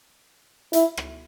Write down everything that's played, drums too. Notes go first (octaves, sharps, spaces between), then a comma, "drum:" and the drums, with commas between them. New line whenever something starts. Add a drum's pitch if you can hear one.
E4, drum: hi-hat
drum: rim click